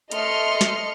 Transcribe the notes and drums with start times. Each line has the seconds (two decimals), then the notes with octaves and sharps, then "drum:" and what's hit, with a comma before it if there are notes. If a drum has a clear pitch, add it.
0.11 A3 D#5 C6 F6 C#7, drum: hi-hat
0.61 drum: snare